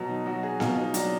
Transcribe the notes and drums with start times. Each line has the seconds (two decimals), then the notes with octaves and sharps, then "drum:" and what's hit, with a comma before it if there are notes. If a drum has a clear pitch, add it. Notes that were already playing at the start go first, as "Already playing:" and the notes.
Already playing: B2 F#3
0.09 D#4
0.26 F#3 F#4
0.43 G#4
0.60 B2 F4, drum: snare B3
0.77 D#4
0.94 F#3 D4, drum: hi-hat